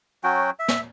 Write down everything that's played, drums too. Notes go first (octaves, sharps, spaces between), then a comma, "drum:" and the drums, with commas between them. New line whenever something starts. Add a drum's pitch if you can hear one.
F#3 C#4 F#4 G5
E5
drum: snare